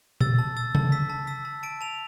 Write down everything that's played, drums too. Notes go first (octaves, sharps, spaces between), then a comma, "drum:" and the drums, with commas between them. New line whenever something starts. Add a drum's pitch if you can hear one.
E6 A6, drum: tom A#2
A5
E6 A6
A5, drum: tom C3
E6 B6
A5
E6 B6
A5
A5 D7
A5 F7